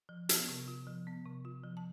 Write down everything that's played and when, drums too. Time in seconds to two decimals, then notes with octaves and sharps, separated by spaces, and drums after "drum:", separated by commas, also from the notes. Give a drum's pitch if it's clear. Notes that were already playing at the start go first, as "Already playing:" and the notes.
0.09 F3
0.29 B3, drum: hi-hat
0.48 C3
0.68 F4
0.87 F3
1.07 B3
1.25 C3
1.45 F4
1.64 F3
1.77 A5